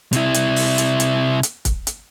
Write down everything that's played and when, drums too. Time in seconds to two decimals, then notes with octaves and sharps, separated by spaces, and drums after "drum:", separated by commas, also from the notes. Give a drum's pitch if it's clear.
0.13 C3 E4, drum: hi-hat
0.34 drum: hi-hat
0.56 drum: open hi-hat
0.78 drum: hi-hat
1.00 drum: hi-hat
1.43 drum: hi-hat
1.65 drum: kick, hi-hat
1.87 drum: hi-hat